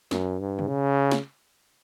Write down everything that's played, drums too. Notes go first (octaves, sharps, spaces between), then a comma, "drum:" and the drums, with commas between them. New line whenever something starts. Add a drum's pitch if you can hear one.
F#2, drum: snare
G2
drum: tom B2
C#3
drum: snare